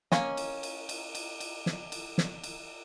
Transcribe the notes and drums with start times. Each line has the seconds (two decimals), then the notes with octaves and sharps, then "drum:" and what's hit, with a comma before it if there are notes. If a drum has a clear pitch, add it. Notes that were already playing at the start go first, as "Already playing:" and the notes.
0.12 A#3 C#4 D#5, drum: snare
0.37 drum: cymbal
0.63 drum: cymbal
0.89 drum: cymbal
1.15 drum: cymbal
1.40 drum: cymbal
1.66 drum: snare
1.92 drum: cymbal
2.18 drum: snare
2.44 drum: cymbal